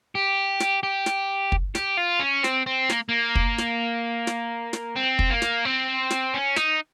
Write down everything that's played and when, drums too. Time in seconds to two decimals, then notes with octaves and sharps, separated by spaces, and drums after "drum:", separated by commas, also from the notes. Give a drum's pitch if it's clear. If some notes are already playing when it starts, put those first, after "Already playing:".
0.15 G4
0.60 drum: snare
0.83 G4
1.06 drum: snare
1.52 drum: kick
1.75 G4, drum: snare
1.97 F4
2.20 C#4
2.44 C4, drum: snare
2.66 C4
2.90 A#3, drum: snare
3.09 A#3
3.35 drum: kick
3.58 drum: snare
4.27 drum: snare
4.73 drum: snare
4.96 C4
5.19 drum: kick
5.30 A#3
5.42 drum: snare
5.65 C4
6.11 drum: snare
6.34 C#4
6.56 D#4, drum: snare